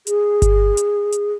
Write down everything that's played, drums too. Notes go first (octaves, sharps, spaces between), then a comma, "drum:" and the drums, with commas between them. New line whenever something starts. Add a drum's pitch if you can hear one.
G#4, drum: hi-hat
drum: kick G1, hi-hat
drum: hi-hat
drum: hi-hat